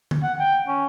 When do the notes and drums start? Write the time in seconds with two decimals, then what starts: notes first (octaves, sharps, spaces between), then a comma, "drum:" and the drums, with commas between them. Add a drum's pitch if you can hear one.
0.11 drum: tom D3
0.23 F#5
0.39 G5
0.68 C#4